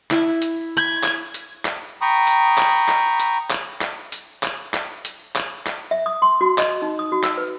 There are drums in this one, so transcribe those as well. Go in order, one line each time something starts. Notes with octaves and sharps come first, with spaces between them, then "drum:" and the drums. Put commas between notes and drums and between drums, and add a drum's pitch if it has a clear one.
E4, drum: clap
drum: hi-hat
B5 G#6
drum: clap
drum: hi-hat
drum: clap
G5 A#5 B5 C#6 D#6
drum: hi-hat
drum: clap
drum: clap
drum: hi-hat
drum: clap
drum: clap
drum: hi-hat
drum: clap
drum: clap
drum: hi-hat
drum: clap
drum: clap
E5
D#6
C6
F#4
D#5, drum: clap
D#4
D#6
F#4
E6, drum: clap
B4